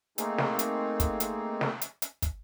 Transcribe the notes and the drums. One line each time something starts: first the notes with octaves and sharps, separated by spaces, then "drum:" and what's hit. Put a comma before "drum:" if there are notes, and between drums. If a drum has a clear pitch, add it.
A3 A#3 C4 D#4 G#4, drum: hi-hat
drum: snare
drum: hi-hat
drum: kick, hi-hat
drum: hi-hat
drum: snare
drum: hi-hat
drum: hi-hat
drum: kick, hi-hat